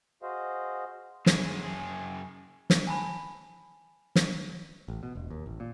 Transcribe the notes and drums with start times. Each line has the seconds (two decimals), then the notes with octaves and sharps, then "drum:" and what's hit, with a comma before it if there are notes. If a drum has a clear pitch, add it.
0.22 F#4 G#4 C5 D#5 F5
1.26 F#2 G#4, drum: snare
2.70 drum: snare
2.87 G#5 A5 B5
4.15 drum: snare
4.88 A1
5.03 B2
5.15 E1
5.30 D#2
5.46 A1
5.60 A#2